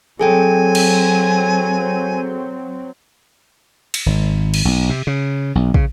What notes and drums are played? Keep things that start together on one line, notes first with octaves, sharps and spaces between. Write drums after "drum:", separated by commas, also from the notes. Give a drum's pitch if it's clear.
F#3 C4 G#4 A4 G5 G#5
drum: cymbal
drum: cymbal
G#1
drum: cymbal
B1
C3
C#3
B1
C#3, drum: kick